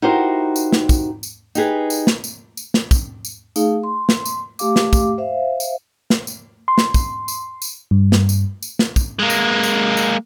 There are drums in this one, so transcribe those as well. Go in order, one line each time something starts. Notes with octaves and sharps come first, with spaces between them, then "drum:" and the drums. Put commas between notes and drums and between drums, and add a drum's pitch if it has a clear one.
D#4 E4 F#4 G4 A#4 C5
drum: tambourine
drum: snare
drum: kick, tambourine
drum: tambourine
D#4 G4 G#4 B4, drum: tambourine
drum: tambourine
drum: snare
drum: tambourine
drum: tambourine
drum: snare
drum: kick, tambourine
drum: tambourine
A3 D#4 G#4 F5, drum: tambourine
C6
drum: snare
drum: tambourine
A3 G4 F5 D6, drum: tambourine
drum: snare
drum: kick, tambourine
C5 E5 F5
drum: tambourine
drum: snare
drum: tambourine
C6
drum: snare
drum: kick, tambourine
drum: tambourine
drum: tambourine
G2
drum: snare
drum: tambourine
drum: tambourine
drum: snare
drum: kick, tambourine
G#3 A#3
drum: tambourine
drum: tambourine
drum: tambourine